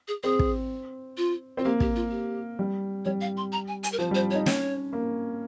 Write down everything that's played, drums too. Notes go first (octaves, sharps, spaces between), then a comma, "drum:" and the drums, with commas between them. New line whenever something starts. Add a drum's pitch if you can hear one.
G#4
C4 G#4
drum: kick
F4
C4 F4
A#3 G4
G4, drum: kick
F4
G4
G3
G3 C#5
F5
C6
A#5
G#5
G#5, drum: hi-hat
A#4
F3 C5
G3 C5
C#5
D#4
C#4 C#5, drum: snare
A#3